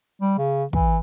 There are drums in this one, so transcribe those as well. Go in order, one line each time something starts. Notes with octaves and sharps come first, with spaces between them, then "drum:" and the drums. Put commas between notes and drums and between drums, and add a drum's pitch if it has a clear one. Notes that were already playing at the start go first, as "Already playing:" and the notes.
G3
C#3
E3, drum: kick